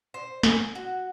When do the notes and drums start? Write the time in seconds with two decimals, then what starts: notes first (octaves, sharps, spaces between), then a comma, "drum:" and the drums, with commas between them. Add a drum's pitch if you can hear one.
0.14 C5
0.43 G#5, drum: snare
0.75 F#4